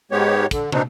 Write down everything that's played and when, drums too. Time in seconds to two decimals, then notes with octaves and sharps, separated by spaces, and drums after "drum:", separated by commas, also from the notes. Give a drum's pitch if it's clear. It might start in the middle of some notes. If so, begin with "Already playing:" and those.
0.11 G#2 G#3 B3 G4 C#5
0.51 D3, drum: kick, hi-hat
0.72 B2 C4 D4 D#4, drum: tom